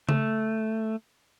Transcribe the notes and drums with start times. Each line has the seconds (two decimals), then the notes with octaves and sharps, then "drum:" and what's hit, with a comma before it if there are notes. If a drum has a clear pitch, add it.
0.09 A3, drum: tom C#3